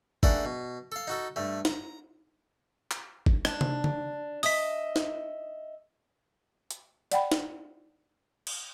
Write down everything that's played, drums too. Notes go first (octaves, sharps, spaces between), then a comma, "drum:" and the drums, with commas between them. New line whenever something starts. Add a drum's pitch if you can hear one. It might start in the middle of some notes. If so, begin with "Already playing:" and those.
A3 A#3 D4 G#4 D5 F#5, drum: kick
B2
A4 F5
D#4 F#4 A4
G2 A3
A#5, drum: snare
drum: clap
drum: kick
D4, drum: rim click
drum: tom C3
drum: tom C#3
D#5 E5 D#6 B6, drum: open hi-hat
drum: snare
drum: hi-hat
D5 F#5 G5 B5, drum: hi-hat
drum: snare
drum: cymbal